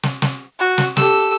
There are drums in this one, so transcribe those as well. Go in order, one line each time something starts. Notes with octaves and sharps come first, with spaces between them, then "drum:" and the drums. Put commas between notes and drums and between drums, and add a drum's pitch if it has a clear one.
drum: snare
drum: snare
F#4
drum: snare
G4 A4 E6, drum: snare